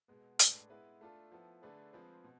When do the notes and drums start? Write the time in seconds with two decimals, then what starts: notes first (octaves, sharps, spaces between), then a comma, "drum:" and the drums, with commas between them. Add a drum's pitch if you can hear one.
0.08 B2 G#3 B3
0.39 A2 G#3 D4 G#4 B4, drum: hi-hat
0.70 G#3 B3 E4 B4
1.01 A3 D4 F4 A4
1.32 F3 B3 E4 A4
1.63 D3 A3 D4 G#4 B4
1.93 F3 G#3 C4 G#4 B4
2.24 B2